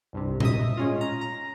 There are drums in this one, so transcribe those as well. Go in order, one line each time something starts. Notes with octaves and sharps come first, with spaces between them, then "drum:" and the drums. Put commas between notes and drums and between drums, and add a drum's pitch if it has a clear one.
C2 G2 C3
D#5 E5 D#6, drum: tom A#2
G#3 C#4 F4
A#5
A#5